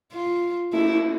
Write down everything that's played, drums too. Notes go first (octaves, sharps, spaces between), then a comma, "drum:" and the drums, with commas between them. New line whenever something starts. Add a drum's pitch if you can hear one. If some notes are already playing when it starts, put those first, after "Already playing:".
F4
E4, drum: cymbal